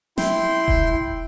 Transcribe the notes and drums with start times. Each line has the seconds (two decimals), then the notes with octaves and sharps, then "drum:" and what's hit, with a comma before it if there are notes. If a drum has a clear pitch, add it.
0.18 E4 G5 C6, drum: snare
0.68 drum: kick E1